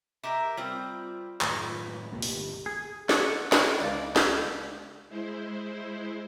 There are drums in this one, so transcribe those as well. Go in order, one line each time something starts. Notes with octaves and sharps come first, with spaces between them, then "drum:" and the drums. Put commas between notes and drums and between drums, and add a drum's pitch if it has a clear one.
G4 A#4 E5 D6
G3 C4 F4
F#2 A2 D#3 B3, drum: clap
C#2 B2 A#3 G4
drum: open hi-hat
G1
G#4
F#5, drum: snare
drum: snare
C#2 D#4 D5 F5
drum: snare
G#3 E4 C5